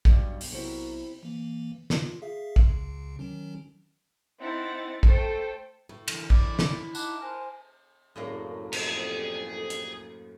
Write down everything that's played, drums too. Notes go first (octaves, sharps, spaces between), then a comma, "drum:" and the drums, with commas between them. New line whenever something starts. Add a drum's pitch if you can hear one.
B1 G2 B2 G3, drum: kick
drum: open hi-hat
C3 C4 E4 F#4 A#4
E3 A#3
F4, drum: snare
G#4 E5 F5
C#2 C#3, drum: kick
D#3 F#3 C#4
C4 D#4 E4 F#5 A6
A3 A4 C5 G5, drum: kick
A2
D3 E3 A#4, drum: cymbal
E4 D5, drum: kick
drum: snare
D#4 F#5 A5 A#5 D6, drum: tambourine
A#4 C5 G#5
C2 F#2 A2 C#3 A#3
C2 F2 G#4, drum: cymbal
drum: hi-hat